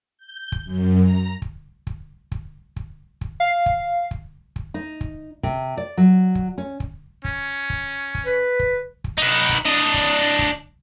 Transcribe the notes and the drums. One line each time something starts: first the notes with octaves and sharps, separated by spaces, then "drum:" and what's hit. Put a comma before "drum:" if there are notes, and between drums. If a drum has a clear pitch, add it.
G6
drum: kick
F#2
A#5
drum: kick
drum: kick
drum: kick
drum: kick
drum: kick
F5
drum: kick
drum: kick
drum: kick
D#4
drum: kick
C3, drum: kick
D5
F#3
drum: kick
C#4
drum: kick
C#4, drum: kick
drum: kick
drum: kick
B4
drum: kick
drum: kick
D#4 B4
drum: kick
D4 D#5
drum: kick
drum: kick